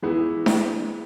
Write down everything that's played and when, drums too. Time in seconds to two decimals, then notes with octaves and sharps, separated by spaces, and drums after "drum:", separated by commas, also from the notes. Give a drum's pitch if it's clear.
0.02 E3 G#3 B3 E4
0.46 drum: snare D4